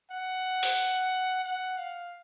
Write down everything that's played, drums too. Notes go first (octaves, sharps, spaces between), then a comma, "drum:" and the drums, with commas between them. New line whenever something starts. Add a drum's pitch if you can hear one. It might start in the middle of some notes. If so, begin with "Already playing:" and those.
F#5
drum: open hi-hat
F#5
F5